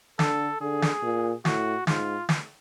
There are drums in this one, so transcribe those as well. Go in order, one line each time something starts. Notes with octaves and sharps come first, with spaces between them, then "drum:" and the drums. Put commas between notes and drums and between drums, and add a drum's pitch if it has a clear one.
D3 A4, drum: snare
D3 G#4
drum: snare
A#2
A2 F#4, drum: snare
G#2 F4, drum: snare
drum: snare